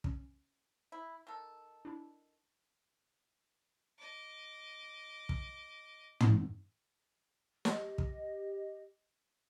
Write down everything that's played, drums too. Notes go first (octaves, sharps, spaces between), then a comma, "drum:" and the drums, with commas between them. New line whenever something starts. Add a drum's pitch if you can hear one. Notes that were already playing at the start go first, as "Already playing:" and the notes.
C#4, drum: kick
E4
D#3 A4
D4 E4
D#5 D6
drum: kick
drum: tom
G4 D#5, drum: snare
drum: kick